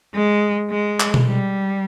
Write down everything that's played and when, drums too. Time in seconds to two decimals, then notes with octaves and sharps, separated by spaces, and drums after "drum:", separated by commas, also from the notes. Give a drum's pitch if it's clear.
0.14 G#3
0.70 G#3
1.00 drum: clap
1.14 drum: tom B2
1.26 G3